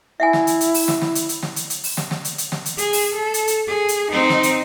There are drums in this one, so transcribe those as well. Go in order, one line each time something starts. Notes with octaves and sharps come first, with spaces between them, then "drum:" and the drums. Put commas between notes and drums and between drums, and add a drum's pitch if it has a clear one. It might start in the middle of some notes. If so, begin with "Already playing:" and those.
E4 E5 F#5 G#5
drum: snare
drum: hi-hat
drum: hi-hat
drum: open hi-hat
drum: snare
drum: snare
drum: hi-hat
drum: hi-hat
drum: snare
drum: hi-hat
drum: hi-hat
drum: open hi-hat
drum: snare
drum: snare
drum: hi-hat
drum: hi-hat
drum: snare
drum: hi-hat
G#4, drum: hi-hat
drum: open hi-hat
A4
drum: hi-hat
drum: hi-hat
G#4
drum: hi-hat
C4 D#4
drum: snare
drum: hi-hat